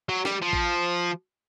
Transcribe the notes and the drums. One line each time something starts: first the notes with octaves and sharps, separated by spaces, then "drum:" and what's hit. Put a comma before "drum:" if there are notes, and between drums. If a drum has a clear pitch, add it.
F#3
G3, drum: snare
F3
drum: kick A1